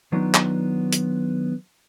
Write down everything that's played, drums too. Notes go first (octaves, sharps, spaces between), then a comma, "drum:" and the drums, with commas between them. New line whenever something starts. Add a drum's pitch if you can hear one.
D#3 F#3 B3 D4 D#4 F4
drum: clap
drum: hi-hat